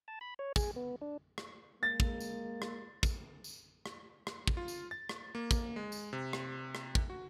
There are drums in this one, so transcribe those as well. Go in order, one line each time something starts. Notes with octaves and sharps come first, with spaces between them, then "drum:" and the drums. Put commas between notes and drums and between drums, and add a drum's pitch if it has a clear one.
A5
B5
C#5
G#4, drum: kick, tambourine
B3
D4
drum: rim click
G#3 A#3 A6
drum: kick
drum: tambourine
drum: rim click
drum: kick, tambourine
drum: tambourine
drum: rim click
drum: rim click
drum: kick
F4
drum: tambourine
A6
drum: rim click
A#3
drum: kick, tambourine
G#3
drum: tambourine
C3
drum: rim click
drum: rim click
drum: kick
F#4